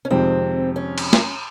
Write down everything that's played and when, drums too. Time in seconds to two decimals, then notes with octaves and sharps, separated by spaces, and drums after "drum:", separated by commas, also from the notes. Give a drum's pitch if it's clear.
0.05 C#4
0.10 F2 C3 D#3 G#3 C4
0.76 C#4
0.98 drum: cymbal
1.13 drum: snare